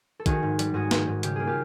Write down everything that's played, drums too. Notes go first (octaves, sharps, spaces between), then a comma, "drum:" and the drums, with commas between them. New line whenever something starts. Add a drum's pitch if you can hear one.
A4
D#3 F#4 G#4, drum: kick, hi-hat
G#2
G3, drum: hi-hat
G#2 F#4 G#4
D#3, drum: snare
G#2
C#3 G4, drum: hi-hat
A#3 G#4
F4 G4